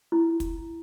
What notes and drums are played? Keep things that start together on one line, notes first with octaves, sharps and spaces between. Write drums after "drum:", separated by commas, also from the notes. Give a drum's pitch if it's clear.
E4
drum: kick, hi-hat